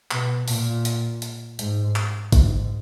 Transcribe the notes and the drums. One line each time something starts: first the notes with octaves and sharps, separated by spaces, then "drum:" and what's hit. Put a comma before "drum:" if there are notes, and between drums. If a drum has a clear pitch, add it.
B2, drum: clap
A#2, drum: open hi-hat
drum: hi-hat
drum: hi-hat
G#2, drum: hi-hat
drum: clap
G#2, drum: kick G#1, hi-hat